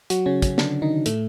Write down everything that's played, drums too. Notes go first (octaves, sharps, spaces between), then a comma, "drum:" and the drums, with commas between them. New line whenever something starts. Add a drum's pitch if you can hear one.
F#3 F#4, drum: hi-hat
C#3 C#4
C#3 C#4, drum: kick, hi-hat
D3 D4, drum: snare
D#3 D#4
A2 A3, drum: hi-hat